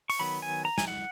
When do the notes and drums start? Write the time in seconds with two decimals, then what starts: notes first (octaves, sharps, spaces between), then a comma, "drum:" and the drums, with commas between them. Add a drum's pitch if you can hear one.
0.10 C#6, drum: open hi-hat
0.19 D#3 F#3 B3 B5
0.42 G#5
0.65 A#5
0.78 G#5, drum: snare
0.88 F#5